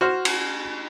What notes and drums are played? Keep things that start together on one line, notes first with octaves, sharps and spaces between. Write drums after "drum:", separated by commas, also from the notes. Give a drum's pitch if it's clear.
F#4 C5 F6
drum: cymbal